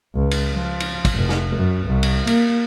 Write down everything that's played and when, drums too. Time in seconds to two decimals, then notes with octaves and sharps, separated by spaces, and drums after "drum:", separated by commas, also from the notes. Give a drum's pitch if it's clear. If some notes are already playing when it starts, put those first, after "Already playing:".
0.16 C#2
0.31 drum: cymbal
0.52 F3
0.80 drum: cymbal
1.05 drum: kick, cymbal
1.15 F1
1.29 drum: snare
1.56 F#2
1.86 C2
2.03 drum: cymbal
2.27 A#3, drum: cymbal